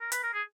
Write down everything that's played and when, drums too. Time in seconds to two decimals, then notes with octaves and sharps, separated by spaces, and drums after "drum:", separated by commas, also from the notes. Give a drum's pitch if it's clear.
0.01 A#4
0.12 B4, drum: hi-hat
0.23 A#4
0.34 G#4